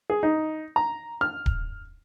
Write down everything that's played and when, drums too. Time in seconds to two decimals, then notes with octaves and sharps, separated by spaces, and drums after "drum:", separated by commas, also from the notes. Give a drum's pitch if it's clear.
0.10 G#4
0.23 D#4
0.76 A#5
1.21 F6
1.46 drum: kick D1